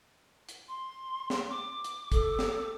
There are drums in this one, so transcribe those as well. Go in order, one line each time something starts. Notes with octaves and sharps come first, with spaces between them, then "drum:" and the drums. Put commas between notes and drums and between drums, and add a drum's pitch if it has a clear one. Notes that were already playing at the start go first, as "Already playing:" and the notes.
drum: hi-hat
C6
drum: snare
D6
drum: hi-hat
A4, drum: kick, hi-hat
drum: snare